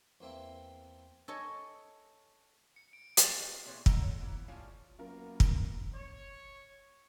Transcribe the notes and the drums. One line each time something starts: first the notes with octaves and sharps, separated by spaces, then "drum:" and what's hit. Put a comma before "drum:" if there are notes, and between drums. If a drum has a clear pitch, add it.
E2 A#3 C4 E5
A4 C#5 D#5 G#5
C#7
D7
A6, drum: hi-hat
G#3 C4
A#2 E3 G3 G#3 C4 C#5
A4 D#5 F#5 A#5, drum: kick
A4 C#5
A#3 B3 E4 B4
C#3 E3 G3 A3 C#4 F4
F#2 A#3 B3 F4 A#4
drum: kick
C#5